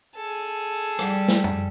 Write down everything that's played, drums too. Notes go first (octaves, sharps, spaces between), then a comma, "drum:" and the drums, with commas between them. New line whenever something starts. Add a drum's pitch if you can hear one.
G#4 A4
G3, drum: rim click
drum: snare
drum: tom